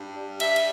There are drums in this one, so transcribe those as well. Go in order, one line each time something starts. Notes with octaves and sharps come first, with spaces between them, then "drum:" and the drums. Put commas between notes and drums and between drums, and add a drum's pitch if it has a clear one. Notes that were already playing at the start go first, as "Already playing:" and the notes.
Already playing: G2
G3
G2 E5, drum: cymbal
drum: cymbal